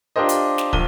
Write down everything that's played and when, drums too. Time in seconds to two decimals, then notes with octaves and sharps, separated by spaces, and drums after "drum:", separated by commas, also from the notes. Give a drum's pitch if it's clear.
0.16 D4 F4 G4 A#4 C5 D#5
0.29 drum: hi-hat
0.58 drum: snare
0.73 A#1 D#7 G7, drum: kick